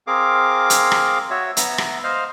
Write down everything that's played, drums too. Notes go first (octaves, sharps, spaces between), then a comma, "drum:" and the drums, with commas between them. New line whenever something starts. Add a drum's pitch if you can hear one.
C4 G#4 A#4 F5 D6
drum: hi-hat
drum: rim click
F#4 C#5 E5
B3 E5 A#5, drum: hi-hat
drum: rim click
C5 D#5 F5 F6